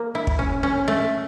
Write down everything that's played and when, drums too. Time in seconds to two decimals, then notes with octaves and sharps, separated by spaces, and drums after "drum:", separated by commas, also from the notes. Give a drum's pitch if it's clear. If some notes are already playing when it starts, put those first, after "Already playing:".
Already playing: A#3
0.15 E4
0.27 drum: kick
0.39 C#4
0.63 C#4
0.88 A3